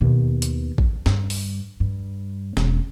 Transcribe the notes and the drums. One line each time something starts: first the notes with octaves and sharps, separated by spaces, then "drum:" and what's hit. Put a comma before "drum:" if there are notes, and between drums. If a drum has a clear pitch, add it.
D#2 B2
drum: hi-hat
drum: kick A1
G2 D3, drum: snare
drum: open hi-hat
G2
E1 C#4, drum: snare